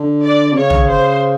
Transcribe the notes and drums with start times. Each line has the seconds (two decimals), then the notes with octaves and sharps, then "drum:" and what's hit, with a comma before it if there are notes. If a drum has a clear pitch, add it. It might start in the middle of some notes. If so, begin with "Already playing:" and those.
Already playing: D3
0.25 D5
0.53 C3
0.57 C#3 C#5
0.70 drum: tom
0.90 C5